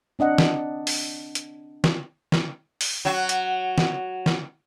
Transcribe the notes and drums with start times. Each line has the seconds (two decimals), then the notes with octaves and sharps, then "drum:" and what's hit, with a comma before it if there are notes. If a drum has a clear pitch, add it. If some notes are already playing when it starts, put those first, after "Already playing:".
0.19 C4 D4 D#5 F#5
0.38 drum: snare
0.87 drum: open hi-hat
1.35 drum: hi-hat
1.84 drum: snare
2.32 drum: snare
2.81 drum: open hi-hat
3.05 F#3 F#4
3.29 drum: hi-hat
3.78 drum: snare
4.26 drum: snare